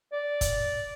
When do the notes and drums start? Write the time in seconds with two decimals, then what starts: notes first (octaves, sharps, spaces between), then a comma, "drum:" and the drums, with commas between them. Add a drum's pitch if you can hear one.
0.12 D5
0.41 drum: kick, hi-hat